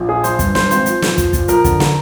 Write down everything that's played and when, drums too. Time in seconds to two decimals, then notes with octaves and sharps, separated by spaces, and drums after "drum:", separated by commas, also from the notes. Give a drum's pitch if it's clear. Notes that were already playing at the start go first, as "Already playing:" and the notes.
Already playing: A#1
0.09 A#2 G#4
0.24 F3 C5, drum: hi-hat
0.39 G2, drum: kick, hi-hat
0.55 G2 C5, drum: snare
0.71 G#1 C5, drum: hi-hat
0.86 F3, drum: hi-hat
1.02 A#2, drum: snare
1.18 F3, drum: kick, hi-hat
1.33 A#2, drum: kick, hi-hat
1.48 F3 A#4, drum: hi-hat
1.64 D3, drum: kick, hi-hat
1.80 D3, drum: snare